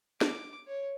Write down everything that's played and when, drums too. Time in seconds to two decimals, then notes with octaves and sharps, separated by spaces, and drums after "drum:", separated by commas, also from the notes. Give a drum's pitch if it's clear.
0.21 D6, drum: snare
0.67 C#5